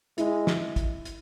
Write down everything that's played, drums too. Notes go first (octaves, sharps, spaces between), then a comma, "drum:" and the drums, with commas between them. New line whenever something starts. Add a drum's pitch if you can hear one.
G#3 E4, drum: hi-hat
drum: snare
drum: kick, hi-hat
drum: hi-hat